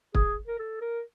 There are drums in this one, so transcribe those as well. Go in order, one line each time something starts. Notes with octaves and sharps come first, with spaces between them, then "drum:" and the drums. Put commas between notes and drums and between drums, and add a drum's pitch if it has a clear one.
G#4, drum: kick
A#4
A4
A#4